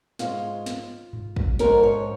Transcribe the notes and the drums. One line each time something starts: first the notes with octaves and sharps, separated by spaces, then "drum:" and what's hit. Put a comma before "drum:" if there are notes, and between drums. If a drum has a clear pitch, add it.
G#2 G#3 C#4 F4, drum: snare
drum: snare
drum: tom G2
drum: kick
G#2 F3 C#4 A#4, drum: snare
C#5